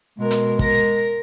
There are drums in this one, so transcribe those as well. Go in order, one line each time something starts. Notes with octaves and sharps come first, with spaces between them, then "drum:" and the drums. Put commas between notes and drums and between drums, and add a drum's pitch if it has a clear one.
B2 G#3 A#4
drum: hi-hat
A#4 A#6, drum: kick